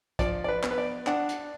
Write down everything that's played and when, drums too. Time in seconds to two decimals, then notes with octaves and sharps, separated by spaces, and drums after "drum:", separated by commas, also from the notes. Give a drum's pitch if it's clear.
0.19 F3 D5, drum: kick, hi-hat
0.44 D5
0.48 B4
0.63 B3, drum: clap
0.71 B4
0.78 D5
1.07 D4 F#5, drum: clap
1.29 drum: hi-hat